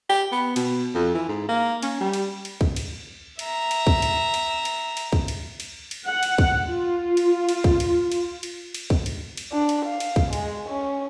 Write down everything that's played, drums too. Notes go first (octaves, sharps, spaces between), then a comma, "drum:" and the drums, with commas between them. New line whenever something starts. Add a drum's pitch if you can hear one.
G4
B3
B2, drum: cymbal
F2
E3
G#2
A#3
C#4, drum: cymbal
G3
drum: cymbal
drum: cymbal
drum: kick
drum: cymbal
E5 A#5, drum: cymbal
drum: cymbal
drum: kick
drum: cymbal
drum: cymbal
drum: cymbal
drum: cymbal
drum: kick
drum: cymbal
drum: cymbal
drum: cymbal
F#5
drum: cymbal
drum: kick
F4
drum: cymbal
drum: cymbal
drum: kick
drum: cymbal
drum: cymbal
drum: cymbal
drum: cymbal
drum: kick
drum: cymbal
drum: cymbal
D4
drum: cymbal
F5
drum: cymbal
drum: kick
G#3, drum: cymbal
C#4